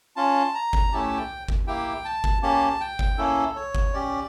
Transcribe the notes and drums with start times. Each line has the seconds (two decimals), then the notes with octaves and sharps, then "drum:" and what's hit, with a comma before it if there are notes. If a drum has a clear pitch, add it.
0.16 C#4 F4 A5
0.55 A#5
0.73 drum: kick G1
0.92 A3 C#4 E4 G4 A5
1.17 G5
1.48 drum: kick G1
1.67 A#3 E4 G4 G5
2.05 A5
2.24 drum: kick G1
2.43 A#3 C#4 G4 A5
2.80 G5
2.99 drum: kick G1
3.18 A#3 C#4 E4 A4
3.56 C#5
3.75 drum: kick G1
3.93 C#4 G4 D5